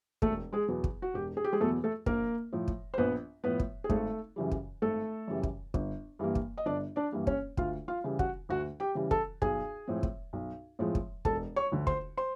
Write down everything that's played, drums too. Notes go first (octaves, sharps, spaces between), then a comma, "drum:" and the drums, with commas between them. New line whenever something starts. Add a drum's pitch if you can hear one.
E1 A3 A4, drum: kick
G#3 G#4
E2 B2 F#3 B3
drum: kick
F#4
E1 G4
G#4
G4
G#3 G#4
E2 B2 F#3 A3 B3 A4
A3 A4
A#1 A#3 A#4, drum: kick
A2 F3
drum: kick
C5
A#1 B3 B4
A2 F3 B3 B4
drum: kick
G#4
G#1 A3 A4, drum: kick
F#2 C#3 E3 G3
drum: kick
G#1 A3 A4
F#2 C#3 E3 G3
drum: kick
G1, drum: kick
G2 E3 G3 A#3
drum: kick
D#5
G1 D4 D5
D4 D5
G2 E3 G3 A#3
C#4 C#5, drum: kick
D2 F4 F5, drum: kick
F4 F5
C#3 E3 G3
F#4 F#5, drum: kick
D2 F#4 F#5
G4 G5
C#3 E3 G3
A4 A5, drum: kick
B1 G#4 G#5, drum: kick
A2 F3 G#3 C4
drum: kick
B1
A2 F3 G#3 C4
drum: kick
E1 A4 A5, drum: kick
C#5 C#6
D2 D3
C5 C6, drum: kick
C5 C6